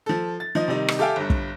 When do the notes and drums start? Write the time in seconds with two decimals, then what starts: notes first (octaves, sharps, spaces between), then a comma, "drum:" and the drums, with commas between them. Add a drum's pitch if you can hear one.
0.06 F3 A4
0.40 A6
0.55 F3 D#4 D#5
0.68 C3 D#3 G3 D#4
0.88 drum: rim click
0.99 G4 A4 E5 F5 G5 G#5
1.16 G1 G2
1.30 drum: kick